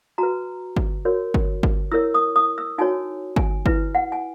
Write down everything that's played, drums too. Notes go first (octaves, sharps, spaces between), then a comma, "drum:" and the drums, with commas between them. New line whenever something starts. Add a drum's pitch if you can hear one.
F#4 B4 A#5
drum: kick G1
F#4 A#4 C#5
drum: kick G1
drum: kick G1
E4 A#4 C#5 E6
D#6
D#6
E6
D#4 F#4 C#5 G#5
G#5, drum: kick G1
E4 B4, drum: kick G1
F#5
G#5